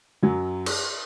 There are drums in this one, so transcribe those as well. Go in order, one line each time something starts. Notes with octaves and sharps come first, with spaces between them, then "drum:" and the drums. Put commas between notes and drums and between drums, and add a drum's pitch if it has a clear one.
F#2 F#3
drum: cymbal